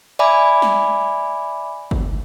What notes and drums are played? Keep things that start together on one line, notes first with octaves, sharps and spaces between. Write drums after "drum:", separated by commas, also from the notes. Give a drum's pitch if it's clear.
D5 E5 G#5 B5 D6
drum: snare
drum: kick G1